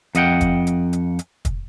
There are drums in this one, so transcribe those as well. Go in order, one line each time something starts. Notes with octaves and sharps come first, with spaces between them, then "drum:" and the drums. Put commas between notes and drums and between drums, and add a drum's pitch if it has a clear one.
F2 D#5 F#5 G5, drum: hi-hat
drum: kick, hi-hat
drum: hi-hat
drum: hi-hat
drum: hi-hat
drum: kick, hi-hat